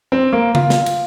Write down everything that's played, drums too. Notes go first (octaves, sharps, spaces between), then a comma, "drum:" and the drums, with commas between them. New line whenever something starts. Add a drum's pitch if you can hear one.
C4
A#3
F4, drum: tom C#3
drum: snare
drum: cymbal